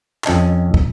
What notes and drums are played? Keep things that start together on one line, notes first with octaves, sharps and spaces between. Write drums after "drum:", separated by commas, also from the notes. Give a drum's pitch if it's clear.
F2 C#4 D#5 A5, drum: clap
drum: kick